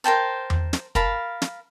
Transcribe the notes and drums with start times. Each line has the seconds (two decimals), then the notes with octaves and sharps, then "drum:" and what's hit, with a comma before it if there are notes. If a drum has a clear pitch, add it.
0.04 A#4 C5 G5 A5
0.50 drum: tom E2
0.73 drum: snare
0.95 A#4 F5 A5 B5, drum: kick
1.42 drum: snare